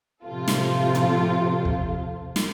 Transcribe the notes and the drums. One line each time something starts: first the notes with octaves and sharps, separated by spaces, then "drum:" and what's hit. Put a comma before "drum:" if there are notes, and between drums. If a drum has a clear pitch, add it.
A2 C3 F3 F4 A4
drum: snare
drum: tom
drum: kick
drum: snare